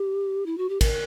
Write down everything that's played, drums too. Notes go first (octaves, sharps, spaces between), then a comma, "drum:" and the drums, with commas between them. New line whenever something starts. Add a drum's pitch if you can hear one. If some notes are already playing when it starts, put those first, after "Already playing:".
Already playing: G4
E4
F#4
G4
A#4, drum: kick, cymbal